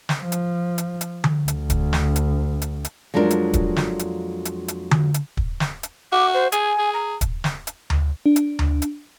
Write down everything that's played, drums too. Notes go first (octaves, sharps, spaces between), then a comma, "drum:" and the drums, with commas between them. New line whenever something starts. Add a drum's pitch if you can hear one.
drum: snare
F3
drum: hi-hat
drum: hi-hat
drum: hi-hat
drum: tom D3
D2, drum: hi-hat
drum: kick, hi-hat
drum: snare
drum: hi-hat
drum: hi-hat
drum: hi-hat
F2 F#3 G#3 D4 A#4
drum: hi-hat
drum: kick, hi-hat
drum: snare
drum: hi-hat
drum: hi-hat
drum: hi-hat
drum: tom D3
drum: hi-hat
drum: kick
drum: snare
drum: hi-hat
F#4 D6
C5
G#4 G#5, drum: hi-hat
G#4
A#5
drum: kick, hi-hat
drum: snare
drum: hi-hat
drum: tom D2
D4
drum: hi-hat
drum: tom D2
drum: hi-hat